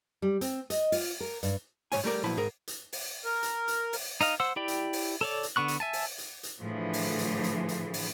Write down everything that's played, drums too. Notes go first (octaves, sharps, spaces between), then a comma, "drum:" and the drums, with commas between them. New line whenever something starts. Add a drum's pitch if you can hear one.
G3
C4, drum: hi-hat
D#5, drum: hi-hat
F4, drum: open hi-hat
A#4
G2, drum: hi-hat
G#2 D#3 C#5 G#5, drum: open hi-hat
G3 A3 A#4 D5
B1 A#2 F3 E4 B4 A5
G#2 G#4 A#4
drum: hi-hat
drum: open hi-hat
A#4
drum: hi-hat
drum: hi-hat
drum: open hi-hat
D#4 D#5 F5, drum: hi-hat
C5 F#5 E6
E4 G4 D5 G5
drum: hi-hat
drum: open hi-hat
A4 C#5 D5
drum: hi-hat
D3 B3 C#6 F#6
drum: hi-hat
E5 G#5 A5
drum: open hi-hat
drum: hi-hat
drum: hi-hat
A2 D3 E3 F3 A3 G#4
drum: open hi-hat
drum: hi-hat
drum: hi-hat
drum: hi-hat
drum: open hi-hat